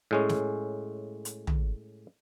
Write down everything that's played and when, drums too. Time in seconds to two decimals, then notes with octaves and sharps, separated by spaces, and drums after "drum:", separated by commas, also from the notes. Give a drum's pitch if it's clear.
0.11 A2 G#3 C#4
0.29 drum: snare
1.25 drum: hi-hat
1.47 drum: tom